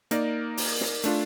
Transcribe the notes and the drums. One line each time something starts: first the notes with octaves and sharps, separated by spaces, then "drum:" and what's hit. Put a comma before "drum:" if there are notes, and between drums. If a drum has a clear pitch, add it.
A#3 D#4 A#4 D5, drum: hi-hat
drum: open hi-hat
drum: snare
A3 D4 F4, drum: hi-hat